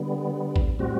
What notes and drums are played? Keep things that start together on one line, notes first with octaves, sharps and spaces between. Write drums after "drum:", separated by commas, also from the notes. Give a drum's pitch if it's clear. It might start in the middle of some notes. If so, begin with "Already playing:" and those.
Already playing: D3 G3 B3
drum: kick A1
A2 G3 C4 F#4